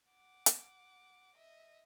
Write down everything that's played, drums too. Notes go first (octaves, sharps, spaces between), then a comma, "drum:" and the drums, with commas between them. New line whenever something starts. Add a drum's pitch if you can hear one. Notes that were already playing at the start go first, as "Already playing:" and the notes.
F#5 D6
drum: hi-hat
D#5 E5